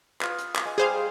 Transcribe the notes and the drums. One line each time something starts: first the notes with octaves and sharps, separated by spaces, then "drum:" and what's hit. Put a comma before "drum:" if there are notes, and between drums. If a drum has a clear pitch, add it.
F4 B4 D#6, drum: clap
drum: hi-hat
drum: clap
G#4 D#5
G3 G4 G#4 C5 F5